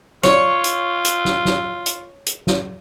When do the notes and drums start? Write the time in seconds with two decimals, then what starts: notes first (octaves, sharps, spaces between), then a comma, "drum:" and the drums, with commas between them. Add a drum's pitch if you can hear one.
0.23 F4 C#5, drum: snare
0.64 drum: hi-hat
1.05 drum: hi-hat
1.25 drum: snare
1.45 drum: snare
1.86 drum: hi-hat
2.27 drum: hi-hat
2.47 drum: snare